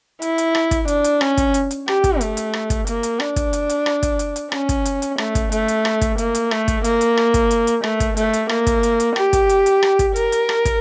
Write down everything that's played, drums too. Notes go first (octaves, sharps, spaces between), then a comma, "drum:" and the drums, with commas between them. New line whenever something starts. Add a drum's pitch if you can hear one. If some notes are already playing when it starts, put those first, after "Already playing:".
E4, drum: hi-hat
drum: hi-hat
drum: rim click
drum: kick, hi-hat
D4, drum: hi-hat
drum: hi-hat
C#4, drum: rim click
drum: kick, hi-hat
drum: hi-hat
drum: hi-hat
G4, drum: rim click
drum: kick, hi-hat
A3, drum: hi-hat
drum: hi-hat
drum: rim click
drum: kick, hi-hat
A#3, drum: hi-hat
drum: hi-hat
D4, drum: rim click
drum: kick, hi-hat
drum: hi-hat
drum: hi-hat
drum: rim click
drum: kick, hi-hat
drum: hi-hat
drum: hi-hat
C#4, drum: rim click
drum: kick, hi-hat
drum: hi-hat
drum: hi-hat
A3, drum: rim click
drum: kick, hi-hat
A3, drum: hi-hat
drum: hi-hat
drum: rim click
drum: kick, hi-hat
A#3, drum: hi-hat
drum: hi-hat
A3, drum: rim click
drum: kick, hi-hat
A#3, drum: hi-hat
drum: hi-hat
drum: rim click
drum: kick, hi-hat
drum: hi-hat
drum: hi-hat
A3, drum: rim click
drum: kick, hi-hat
A3, drum: hi-hat
drum: hi-hat
A#3, drum: rim click
drum: kick, hi-hat
drum: hi-hat
drum: hi-hat
G4, drum: rim click
drum: kick, hi-hat
drum: hi-hat
drum: hi-hat
drum: rim click
drum: kick, hi-hat
A#4, drum: hi-hat
drum: hi-hat
drum: rim click
drum: kick, hi-hat